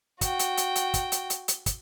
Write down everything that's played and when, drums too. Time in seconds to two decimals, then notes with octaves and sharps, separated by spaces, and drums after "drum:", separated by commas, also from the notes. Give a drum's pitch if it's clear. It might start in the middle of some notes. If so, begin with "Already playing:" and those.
0.21 F#4 G5, drum: kick, hi-hat
0.39 drum: hi-hat
0.57 drum: hi-hat
0.76 drum: hi-hat
0.94 drum: kick, hi-hat
1.12 drum: hi-hat
1.30 drum: hi-hat
1.48 drum: hi-hat
1.66 drum: kick, hi-hat